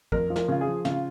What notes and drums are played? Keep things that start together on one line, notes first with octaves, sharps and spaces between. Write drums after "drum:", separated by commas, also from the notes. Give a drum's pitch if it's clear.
F2 A#4, drum: kick
F3
A#4, drum: snare
C#3 F4
G#4
F3
C#3 F4, drum: snare